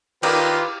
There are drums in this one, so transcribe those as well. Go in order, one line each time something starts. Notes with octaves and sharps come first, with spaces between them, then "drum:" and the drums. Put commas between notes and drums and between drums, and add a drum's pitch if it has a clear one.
D#3 A#3 F4 G4 B4 D5, drum: cymbal